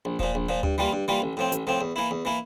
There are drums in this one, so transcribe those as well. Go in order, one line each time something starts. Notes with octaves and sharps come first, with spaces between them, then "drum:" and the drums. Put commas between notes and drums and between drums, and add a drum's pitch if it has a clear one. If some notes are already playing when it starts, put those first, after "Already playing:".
A#1
A#2 F3, drum: kick D#1
A#1
A#2 F3
G2, drum: tom D2
E3 G3 A#3 F4
G2
E3 G3 A#3 F4
A1
A2 F3 C4
A1, drum: hi-hat
A2 F3 C4
E2
E3 A#3 E4
E2
E3 A#3 E4